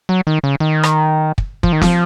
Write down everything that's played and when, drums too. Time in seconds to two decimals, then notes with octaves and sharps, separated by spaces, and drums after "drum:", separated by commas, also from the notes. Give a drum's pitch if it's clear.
0.09 F#3
0.27 D#3
0.44 C#3
0.60 D#3
0.83 drum: rim click
1.38 drum: kick
1.63 F3, drum: kick
1.72 D#3
1.81 F3, drum: snare